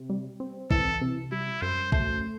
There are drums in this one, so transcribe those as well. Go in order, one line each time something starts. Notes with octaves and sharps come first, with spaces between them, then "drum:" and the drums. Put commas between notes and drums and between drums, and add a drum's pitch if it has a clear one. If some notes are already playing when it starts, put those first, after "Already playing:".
Already playing: C3
G3
C4
E3 A4, drum: kick
C3
G3 E4
F#2 C5
A3 C5, drum: kick